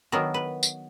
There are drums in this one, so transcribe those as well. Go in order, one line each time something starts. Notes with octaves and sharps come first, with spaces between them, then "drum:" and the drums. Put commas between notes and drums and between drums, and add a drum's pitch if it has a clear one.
D#3 F#3 B3 D4 A#4
B4
drum: tambourine